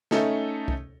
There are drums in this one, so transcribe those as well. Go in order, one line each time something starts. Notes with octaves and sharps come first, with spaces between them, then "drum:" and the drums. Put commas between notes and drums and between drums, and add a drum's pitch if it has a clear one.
A3 C#4 D#4 A4, drum: snare
drum: kick